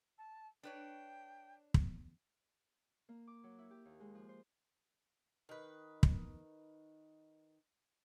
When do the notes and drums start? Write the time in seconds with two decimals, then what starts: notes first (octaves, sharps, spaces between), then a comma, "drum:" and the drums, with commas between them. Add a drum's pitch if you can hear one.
0.18 A5
0.63 D4 B4 C#5 G5
1.74 drum: kick
3.09 A#3
3.27 D6
3.44 F#3
3.58 E4
3.71 G4
3.85 D#2
4.00 G#3
4.15 F3
4.29 C5
5.49 D#3 B4
6.03 drum: kick